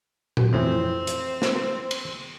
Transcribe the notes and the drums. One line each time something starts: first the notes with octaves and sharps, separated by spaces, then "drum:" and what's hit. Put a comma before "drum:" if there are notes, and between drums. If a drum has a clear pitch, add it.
drum: tom A#2
F2 A2 E3 C4
drum: hi-hat
drum: snare
drum: cymbal